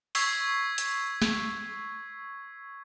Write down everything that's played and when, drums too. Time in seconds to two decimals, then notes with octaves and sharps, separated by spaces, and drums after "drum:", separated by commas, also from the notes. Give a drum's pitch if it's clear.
0.15 C#6 E6 G#6 B6 C7, drum: open hi-hat
0.78 drum: hi-hat
1.22 drum: snare